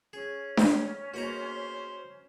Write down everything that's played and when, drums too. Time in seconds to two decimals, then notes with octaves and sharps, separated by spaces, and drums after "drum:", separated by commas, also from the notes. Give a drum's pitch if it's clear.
0.13 C#4 G#4
0.57 drum: snare D4
1.14 A#3 B3 F#4 G#4 C5 D#5 A#5